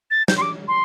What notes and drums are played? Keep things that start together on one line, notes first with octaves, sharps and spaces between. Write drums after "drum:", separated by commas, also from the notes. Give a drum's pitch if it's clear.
A6
G6, drum: snare
C6
D6
C6